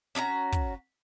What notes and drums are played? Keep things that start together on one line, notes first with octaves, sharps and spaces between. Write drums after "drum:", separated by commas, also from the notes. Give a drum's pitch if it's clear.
C#4 D4 F#4 A#5
drum: kick, hi-hat